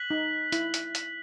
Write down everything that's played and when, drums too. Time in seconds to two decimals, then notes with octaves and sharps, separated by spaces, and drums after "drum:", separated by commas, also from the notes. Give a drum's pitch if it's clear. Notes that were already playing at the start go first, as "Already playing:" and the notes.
Already playing: F#6 B6 F#7
0.10 D#4
0.52 E4, drum: hi-hat
0.74 drum: hi-hat
0.95 drum: hi-hat